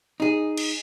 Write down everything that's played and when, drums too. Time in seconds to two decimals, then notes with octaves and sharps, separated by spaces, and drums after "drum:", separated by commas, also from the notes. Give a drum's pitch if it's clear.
0.20 D#4 G#4
0.57 drum: cymbal